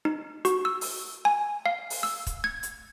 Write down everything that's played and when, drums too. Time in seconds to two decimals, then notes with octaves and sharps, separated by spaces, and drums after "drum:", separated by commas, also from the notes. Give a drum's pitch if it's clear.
0.05 D#4
0.45 F#4, drum: hi-hat
0.65 E6
0.81 drum: open hi-hat
1.25 G#5
1.66 F5
1.90 drum: open hi-hat
2.03 E6
2.27 drum: kick, hi-hat
2.44 G#6
2.63 drum: hi-hat